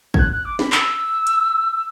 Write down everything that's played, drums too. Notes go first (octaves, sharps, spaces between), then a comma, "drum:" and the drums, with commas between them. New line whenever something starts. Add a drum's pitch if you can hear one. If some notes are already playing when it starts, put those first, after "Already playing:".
G#6, drum: kick
F#6
F#6
D6
B5, drum: snare
E6, drum: clap
drum: hi-hat